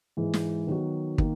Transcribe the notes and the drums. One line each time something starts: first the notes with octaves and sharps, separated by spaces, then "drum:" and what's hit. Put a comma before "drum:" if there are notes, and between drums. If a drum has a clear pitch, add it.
G#2 E3 G#3
drum: snare
D#3 F#3 B3 F#4
D#3 A#3, drum: kick